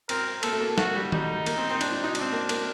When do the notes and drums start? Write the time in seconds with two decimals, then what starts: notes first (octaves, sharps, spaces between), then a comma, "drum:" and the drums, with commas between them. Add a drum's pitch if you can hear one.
0.09 C4 A#4, drum: cymbal
0.43 A#3 A4, drum: cymbal
0.53 A3
0.60 A#3
0.78 A3 F#4, drum: snare
0.95 G3
1.12 G3 D#4, drum: tom D#3
1.46 A#3, drum: cymbal
1.58 C4
1.70 C4
1.81 D4, drum: cymbal
1.92 D4
2.04 D#4
2.15 D4, drum: cymbal
2.21 C4
2.32 A#3
2.49 A#3, drum: cymbal